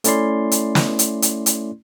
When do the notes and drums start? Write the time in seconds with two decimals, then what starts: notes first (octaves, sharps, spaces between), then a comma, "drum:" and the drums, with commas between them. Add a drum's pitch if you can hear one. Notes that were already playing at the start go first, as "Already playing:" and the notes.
0.04 A3 C#4 E4 D5 C6, drum: hi-hat
0.52 drum: hi-hat
0.75 drum: snare
0.99 drum: hi-hat
1.22 drum: hi-hat
1.46 drum: hi-hat